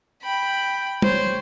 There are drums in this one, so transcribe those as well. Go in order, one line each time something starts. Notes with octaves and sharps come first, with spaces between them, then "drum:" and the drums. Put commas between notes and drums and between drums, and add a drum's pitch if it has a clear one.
G5 B5
C5 C#5, drum: tom